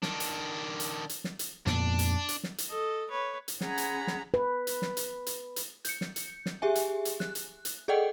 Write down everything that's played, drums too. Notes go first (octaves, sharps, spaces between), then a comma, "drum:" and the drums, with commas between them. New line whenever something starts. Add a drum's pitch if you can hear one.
D#3 D4, drum: snare
drum: hi-hat
drum: hi-hat
drum: hi-hat
drum: snare
drum: hi-hat
F2 A#2 B3 D4, drum: snare
drum: hi-hat
drum: hi-hat
drum: snare
drum: hi-hat
A4 D#5
B4 C#5
drum: hi-hat
C#4 G#4 F#5 A#5 B5, drum: snare
drum: hi-hat
drum: snare
B4
drum: hi-hat
drum: snare
drum: hi-hat
drum: hi-hat
drum: hi-hat
G6 C#7, drum: hi-hat
drum: snare
drum: hi-hat
drum: snare
G4 G#4 E5 G#5
drum: hi-hat
drum: hi-hat
F#6, drum: snare
drum: hi-hat
drum: hi-hat
G#4 A4 D5 D#5 F#5 G5